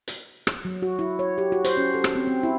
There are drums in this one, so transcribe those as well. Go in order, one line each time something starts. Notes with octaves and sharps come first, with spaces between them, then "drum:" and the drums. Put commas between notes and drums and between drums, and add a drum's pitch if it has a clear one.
drum: hi-hat
drum: rim click
F#3
F#4
E4
C#5
G4
F#4
C5, drum: hi-hat
C#4
A4
drum: rim click
C4
C4
E4